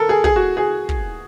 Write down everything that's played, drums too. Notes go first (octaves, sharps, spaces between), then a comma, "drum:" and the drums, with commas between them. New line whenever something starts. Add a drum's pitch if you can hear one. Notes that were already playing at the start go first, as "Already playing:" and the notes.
Already playing: A4 A#4
G#4
G#4, drum: kick
F#4
G#4
drum: kick